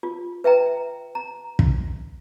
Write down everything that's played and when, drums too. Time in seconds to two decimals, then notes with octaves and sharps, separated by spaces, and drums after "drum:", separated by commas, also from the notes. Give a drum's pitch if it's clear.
0.03 F4
0.44 B4 E5 G5 A#5
1.15 A#5
1.59 drum: kick